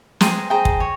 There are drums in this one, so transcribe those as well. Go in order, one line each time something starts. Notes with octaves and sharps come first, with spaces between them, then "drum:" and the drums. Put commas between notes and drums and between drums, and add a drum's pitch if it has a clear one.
G#4 C5 G5 A#5, drum: snare
G#4 C5 G5 A#5
drum: kick
C#5